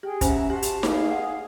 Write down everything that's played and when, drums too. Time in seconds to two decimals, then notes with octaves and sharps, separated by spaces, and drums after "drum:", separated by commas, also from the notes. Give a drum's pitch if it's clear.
0.03 G4 G#4 G5
0.21 C#4 C5 E5 F#5 G#5 A#5, drum: kick, hi-hat
0.50 F#4 G4 A5 C6
0.62 drum: hi-hat
0.83 G#4 F5, drum: snare D#4
1.11 F#5